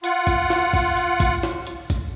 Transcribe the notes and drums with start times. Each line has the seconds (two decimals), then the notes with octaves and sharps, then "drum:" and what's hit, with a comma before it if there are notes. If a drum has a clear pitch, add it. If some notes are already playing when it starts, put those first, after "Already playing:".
0.04 F4 F#5, drum: hi-hat
0.27 drum: kick, hi-hat
0.50 drum: snare
0.73 drum: kick, open hi-hat
0.97 drum: hi-hat
1.20 drum: kick, hi-hat
1.43 drum: snare
1.67 drum: hi-hat
1.90 drum: kick, hi-hat